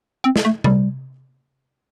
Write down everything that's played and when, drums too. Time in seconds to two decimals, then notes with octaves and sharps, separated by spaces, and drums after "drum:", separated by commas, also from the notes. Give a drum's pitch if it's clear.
0.24 C4
0.36 drum: snare
0.45 A3
0.64 G3, drum: tom C3